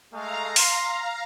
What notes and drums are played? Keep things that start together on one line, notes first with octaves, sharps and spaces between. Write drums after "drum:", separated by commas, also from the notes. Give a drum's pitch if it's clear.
G#3 A3 F5 A#5
C6, drum: open hi-hat